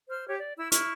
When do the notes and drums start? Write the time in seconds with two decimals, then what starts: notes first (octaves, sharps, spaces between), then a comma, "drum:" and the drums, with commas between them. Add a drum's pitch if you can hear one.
0.09 C5 F6
0.27 G4 C#5
0.40 D5
0.57 E4 E6
0.72 E4 C#6 F6, drum: hi-hat